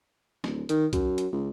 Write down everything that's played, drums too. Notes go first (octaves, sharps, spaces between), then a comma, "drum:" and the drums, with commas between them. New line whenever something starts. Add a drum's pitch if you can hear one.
D1, drum: snare
D#3, drum: hi-hat
F#2, drum: kick B1, hi-hat
drum: hi-hat
C#2